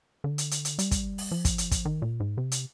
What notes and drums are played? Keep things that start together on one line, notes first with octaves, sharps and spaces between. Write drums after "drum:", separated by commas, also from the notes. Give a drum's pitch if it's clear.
D3
drum: hi-hat
drum: hi-hat
drum: hi-hat
G3, drum: hi-hat
drum: kick, hi-hat
drum: open hi-hat
F3
drum: kick, hi-hat
drum: hi-hat
drum: kick, hi-hat
D#3
A#2
G#2
C3
drum: hi-hat